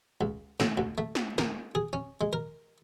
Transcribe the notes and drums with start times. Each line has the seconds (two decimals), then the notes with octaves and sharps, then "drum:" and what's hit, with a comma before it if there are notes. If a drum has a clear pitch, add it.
0.21 C#2
0.60 A2, drum: snare
0.78 D2
0.98 A3
1.15 drum: snare
1.38 A#4, drum: snare
1.75 G#4
1.93 C#4
2.21 G#3
2.33 A#4